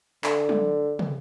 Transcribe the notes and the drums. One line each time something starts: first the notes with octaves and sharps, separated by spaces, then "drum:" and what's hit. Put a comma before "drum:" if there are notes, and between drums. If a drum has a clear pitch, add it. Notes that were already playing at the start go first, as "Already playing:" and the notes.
D3, drum: clap
drum: tom
drum: tom